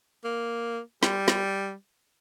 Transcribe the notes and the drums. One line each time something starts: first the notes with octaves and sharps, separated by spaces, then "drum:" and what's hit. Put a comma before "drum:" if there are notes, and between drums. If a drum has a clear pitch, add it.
A#3
G3, drum: snare
drum: snare